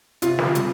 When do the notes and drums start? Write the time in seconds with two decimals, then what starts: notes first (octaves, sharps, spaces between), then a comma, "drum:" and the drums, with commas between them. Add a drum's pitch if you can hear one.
0.22 C3 F4, drum: hi-hat
0.39 drum: snare
0.55 G3, drum: hi-hat